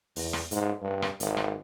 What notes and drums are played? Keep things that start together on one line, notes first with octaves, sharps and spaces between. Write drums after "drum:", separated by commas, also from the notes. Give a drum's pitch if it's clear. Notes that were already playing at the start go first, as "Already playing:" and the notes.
E2, drum: open hi-hat
drum: rim click
G#2, drum: hi-hat
G2
drum: rim click
G#1, drum: hi-hat
drum: rim click